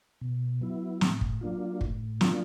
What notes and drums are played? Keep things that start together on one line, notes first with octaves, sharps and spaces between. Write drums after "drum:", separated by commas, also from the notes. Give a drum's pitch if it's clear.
B2
F#3 B3 E4
A2, drum: snare
drum: kick
F#3 A#3 D4 F4
A2, drum: kick
F#3 A#3 D4 F4, drum: snare